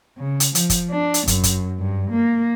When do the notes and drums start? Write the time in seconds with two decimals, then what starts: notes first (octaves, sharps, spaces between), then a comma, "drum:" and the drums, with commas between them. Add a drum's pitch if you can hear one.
0.18 C#3
0.40 drum: hi-hat
0.55 F3, drum: hi-hat
0.70 drum: kick, hi-hat
0.91 D4
1.14 drum: hi-hat
1.28 F#2, drum: kick, hi-hat
1.43 drum: kick, hi-hat
1.80 G2
2.11 A#3